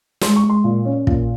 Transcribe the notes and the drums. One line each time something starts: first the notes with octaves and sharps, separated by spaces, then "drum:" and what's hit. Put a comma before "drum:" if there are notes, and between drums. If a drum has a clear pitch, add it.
G#3 C6, drum: snare
C#6
G#3
C6
A#2
C#4
A#2, drum: kick